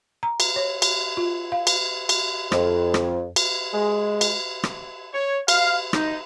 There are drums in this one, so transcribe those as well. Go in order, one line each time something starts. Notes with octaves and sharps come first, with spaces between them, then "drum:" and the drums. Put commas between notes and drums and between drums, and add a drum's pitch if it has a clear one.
A#5
drum: cymbal
C#5
drum: cymbal
F4
F5
drum: cymbal
drum: cymbal
F2, drum: rim click
drum: rim click
drum: cymbal
G#3
drum: cymbal
drum: rim click
C#5
F5, drum: cymbal
D#4, drum: rim click